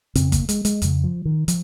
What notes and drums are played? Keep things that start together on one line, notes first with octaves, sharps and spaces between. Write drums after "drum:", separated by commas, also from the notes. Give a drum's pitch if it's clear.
F2 C#3 C4, drum: hi-hat
A#3, drum: kick G1, hi-hat
G#3, drum: hi-hat
G#3, drum: hi-hat
F2 C#3, drum: hi-hat
F3
D#3
F3, drum: hi-hat